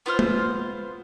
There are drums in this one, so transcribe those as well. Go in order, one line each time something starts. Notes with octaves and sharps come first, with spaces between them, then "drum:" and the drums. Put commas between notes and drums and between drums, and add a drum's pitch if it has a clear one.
B3 F4 C5 F6
drum: tom G#3